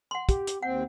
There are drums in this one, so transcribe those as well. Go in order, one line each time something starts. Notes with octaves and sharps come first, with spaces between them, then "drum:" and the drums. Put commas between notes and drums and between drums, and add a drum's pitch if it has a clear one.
F#5 C6
G4, drum: kick, hi-hat
drum: hi-hat
D#2 C4 F#5 G5